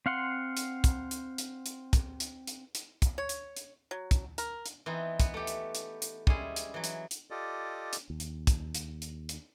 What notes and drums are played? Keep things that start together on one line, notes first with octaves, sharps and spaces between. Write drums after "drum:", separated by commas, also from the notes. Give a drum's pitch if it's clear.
C4 F5 F#5 C6
drum: hi-hat
drum: kick, hi-hat
drum: hi-hat
drum: hi-hat
drum: hi-hat
drum: kick, hi-hat
drum: hi-hat
drum: hi-hat
drum: hi-hat
drum: kick, hi-hat
C#5
drum: hi-hat
drum: hi-hat
F#3
drum: kick, hi-hat
A#4, drum: hi-hat
drum: hi-hat
E3 B3 C4 D#4
B3, drum: kick, hi-hat
A3 G4
drum: hi-hat
drum: hi-hat
drum: hi-hat
G3 G#3 C#4 E4 G#4, drum: kick
drum: hi-hat
E3 F#3
drum: hi-hat
drum: hi-hat
F4 G4 A4 D5 D#5
drum: hi-hat
D#2
drum: hi-hat
drum: kick, hi-hat
drum: hi-hat
drum: hi-hat
drum: hi-hat